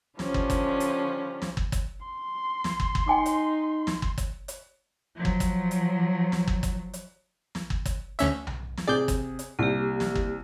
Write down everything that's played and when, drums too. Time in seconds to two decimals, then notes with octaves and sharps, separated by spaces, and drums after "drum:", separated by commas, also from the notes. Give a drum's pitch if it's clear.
0.19 D3 F3 G3 C#4, drum: snare
0.34 drum: kick
0.50 drum: kick, hi-hat
0.80 drum: hi-hat
1.42 drum: snare
1.57 drum: kick
1.72 drum: kick, hi-hat
2.06 C6
2.64 drum: snare
2.80 drum: kick
2.95 drum: kick
3.08 D#4 G5 G#5 D6
3.26 drum: hi-hat
3.87 drum: snare
4.02 drum: kick
4.18 drum: kick, hi-hat
4.48 drum: hi-hat
5.15 F3 F#3
5.25 drum: kick
5.40 drum: kick, hi-hat
5.71 drum: hi-hat
6.32 drum: snare
6.48 drum: kick
6.63 drum: kick, hi-hat
6.94 drum: hi-hat
7.55 drum: snare
7.70 drum: kick
7.85 drum: kick, hi-hat
8.19 D2 C#4 E5, drum: hi-hat
8.47 drum: tom B1
8.77 drum: snare
8.88 C3 G#4 D5 G6
9.08 drum: kick, hi-hat
9.39 drum: hi-hat
9.59 C2 A#3 G4
10.00 drum: snare
10.15 drum: kick